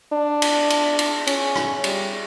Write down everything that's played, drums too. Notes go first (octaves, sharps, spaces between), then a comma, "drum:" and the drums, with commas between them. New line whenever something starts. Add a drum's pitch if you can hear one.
D4
drum: cymbal
drum: cymbal
drum: cymbal
C#4, drum: cymbal
drum: rim click
G3, drum: cymbal